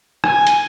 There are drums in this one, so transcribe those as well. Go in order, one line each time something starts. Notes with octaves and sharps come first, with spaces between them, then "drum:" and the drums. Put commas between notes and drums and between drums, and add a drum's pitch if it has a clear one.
G#5, drum: rim click
drum: hi-hat